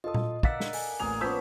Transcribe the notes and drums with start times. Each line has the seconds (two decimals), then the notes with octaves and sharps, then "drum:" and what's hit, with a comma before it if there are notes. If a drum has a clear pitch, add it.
0.04 F4 A4 D#5 D#6
0.14 drum: tom A#2
0.43 A#4 D5 D#5 F5 F#5 E6 A6 B6, drum: kick
0.60 drum: snare
0.73 A4 G#5, drum: open hi-hat
1.00 A1 A#3 G#4 F7
1.21 F3 B3 C#4 E6 G6 B6